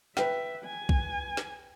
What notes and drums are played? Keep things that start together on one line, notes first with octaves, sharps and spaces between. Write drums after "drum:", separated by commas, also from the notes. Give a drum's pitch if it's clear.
B4 E5 G5, drum: snare
G#5
drum: kick B1
drum: snare